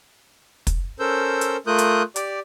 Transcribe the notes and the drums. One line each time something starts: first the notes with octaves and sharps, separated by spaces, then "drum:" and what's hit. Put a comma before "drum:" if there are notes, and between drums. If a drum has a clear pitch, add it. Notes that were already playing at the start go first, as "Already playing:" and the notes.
drum: kick, hi-hat
C#4 A4 A#4 C5 E6 G6
drum: hi-hat
A3 F4 A#4 D#6 F#6 G6
drum: hi-hat
G4 D5, drum: hi-hat